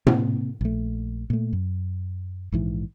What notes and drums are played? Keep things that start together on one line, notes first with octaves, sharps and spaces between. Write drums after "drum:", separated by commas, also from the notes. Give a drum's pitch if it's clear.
C3 A#3 C4, drum: tom A2
A#1 A3
A#2 A3
F#2
A#1 G#2 E3